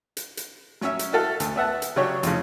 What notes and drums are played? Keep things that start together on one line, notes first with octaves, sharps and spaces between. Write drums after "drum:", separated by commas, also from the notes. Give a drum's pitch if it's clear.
drum: hi-hat
drum: hi-hat
F#3 C#4 E5, drum: snare
drum: hi-hat
E4 F#4 A4 F5
D2, drum: hi-hat
B3 E5 F#5 A5
drum: hi-hat
C#3 F#3 D4 F#4 G4 C#5
F2 A2 C#3, drum: hi-hat